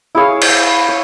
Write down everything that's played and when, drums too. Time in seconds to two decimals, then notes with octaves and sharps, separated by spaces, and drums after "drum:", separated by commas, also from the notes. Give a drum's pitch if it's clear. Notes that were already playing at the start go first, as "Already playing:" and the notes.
0.15 E4 G#4 C#5 F5
0.42 drum: cymbal
0.89 C#5